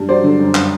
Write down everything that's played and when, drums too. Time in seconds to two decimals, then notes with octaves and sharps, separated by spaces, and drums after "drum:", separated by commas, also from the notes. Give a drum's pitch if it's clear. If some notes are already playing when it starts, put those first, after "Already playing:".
Already playing: G2
0.09 F#3 C5 D5
0.23 D3
0.40 F#2
0.55 drum: clap